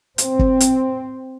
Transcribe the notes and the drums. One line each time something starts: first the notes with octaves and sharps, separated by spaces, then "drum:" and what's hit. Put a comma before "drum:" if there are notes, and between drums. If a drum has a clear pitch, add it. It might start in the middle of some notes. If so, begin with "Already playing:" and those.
C4, drum: hi-hat
drum: kick
drum: hi-hat